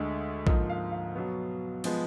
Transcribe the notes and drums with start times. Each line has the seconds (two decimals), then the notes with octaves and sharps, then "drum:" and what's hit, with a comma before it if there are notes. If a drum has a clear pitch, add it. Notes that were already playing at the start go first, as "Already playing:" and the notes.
Already playing: D2 D3 G#3
0.47 G#2 F3 A#3 D#5, drum: kick A#1
0.69 F5
0.92 F5
1.15 B2 F#3 B3
1.84 F3 G#3 B3, drum: cymbal